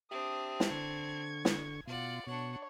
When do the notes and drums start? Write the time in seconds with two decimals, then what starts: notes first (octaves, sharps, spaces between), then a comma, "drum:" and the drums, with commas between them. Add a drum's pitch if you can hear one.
0.11 C4 D4 G4 E5 D#6
0.60 drum: snare
0.71 D3 C#6 G#6
1.45 drum: snare
1.87 B2 F4 D5 F#5
2.27 B2 D4 C#5 F#5